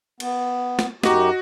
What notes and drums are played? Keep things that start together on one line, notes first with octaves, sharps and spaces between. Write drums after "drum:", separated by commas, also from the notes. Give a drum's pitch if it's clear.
B3, drum: cymbal
drum: snare
F#2 D#4 F#4 G4 D#5, drum: snare